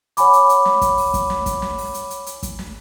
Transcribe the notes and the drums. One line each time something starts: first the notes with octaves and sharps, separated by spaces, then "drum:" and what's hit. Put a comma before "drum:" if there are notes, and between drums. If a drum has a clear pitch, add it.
C#5 F#5 G#5 B5 D6, drum: hi-hat
drum: hi-hat
drum: hi-hat
drum: snare
drum: kick, hi-hat
drum: open hi-hat
drum: kick, hi-hat
drum: snare
drum: kick, hi-hat
drum: snare
drum: open hi-hat
drum: hi-hat
drum: hi-hat
drum: hi-hat
drum: kick, hi-hat
drum: snare